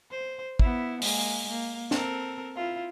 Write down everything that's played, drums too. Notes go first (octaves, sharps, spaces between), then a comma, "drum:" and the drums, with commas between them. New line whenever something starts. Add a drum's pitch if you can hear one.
C5
B3 E4, drum: kick
G#3 A#3, drum: open hi-hat
A#3
C4 A4 A#4, drum: snare
E4 F4